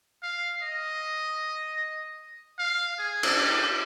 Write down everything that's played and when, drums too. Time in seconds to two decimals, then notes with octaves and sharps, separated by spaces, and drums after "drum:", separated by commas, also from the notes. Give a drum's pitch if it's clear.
0.23 F5
0.62 D#5
2.59 F5
2.99 G#4
3.23 drum: cymbal
3.38 G4